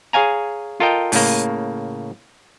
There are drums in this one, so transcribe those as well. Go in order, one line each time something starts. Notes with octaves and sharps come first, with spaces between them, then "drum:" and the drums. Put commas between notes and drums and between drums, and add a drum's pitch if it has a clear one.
G#4 C#5 F5 G#5 A#5
F4 A4 A#4 D#5 G5
A2 C#3 A#3, drum: open hi-hat